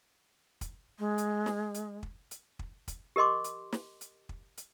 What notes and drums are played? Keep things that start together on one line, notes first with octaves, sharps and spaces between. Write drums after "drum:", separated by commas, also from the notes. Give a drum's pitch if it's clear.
drum: kick, hi-hat
G#3
drum: hi-hat
drum: snare
drum: hi-hat
drum: kick
drum: hi-hat
drum: kick
drum: kick, hi-hat
G4 A#4 D#5 C6 D6
drum: hi-hat
drum: snare
drum: hi-hat
drum: kick
drum: hi-hat